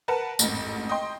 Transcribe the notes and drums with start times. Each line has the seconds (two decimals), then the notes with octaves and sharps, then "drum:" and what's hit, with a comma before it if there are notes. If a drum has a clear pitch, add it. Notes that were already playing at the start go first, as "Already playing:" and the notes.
0.08 A#4 B4 F#5 A5
0.39 A1 F2 G#2, drum: tambourine
0.89 D#5 G5 C6